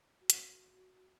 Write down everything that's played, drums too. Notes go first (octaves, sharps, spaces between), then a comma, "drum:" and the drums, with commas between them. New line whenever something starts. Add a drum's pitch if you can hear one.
F#4
drum: hi-hat